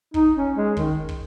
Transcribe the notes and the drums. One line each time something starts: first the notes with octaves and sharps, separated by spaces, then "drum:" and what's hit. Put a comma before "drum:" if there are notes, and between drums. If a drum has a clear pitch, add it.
D#4, drum: kick
C#4
G#3
D#3, drum: kick
drum: kick